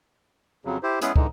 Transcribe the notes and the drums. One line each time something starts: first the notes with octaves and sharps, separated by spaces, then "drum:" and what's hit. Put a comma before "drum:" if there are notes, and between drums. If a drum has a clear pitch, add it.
F2 C#3 F#3
E4 G4 C5
G#3 B3 C#4 E4 G#4 B4, drum: hi-hat
D3 E3 G#3 D#4, drum: kick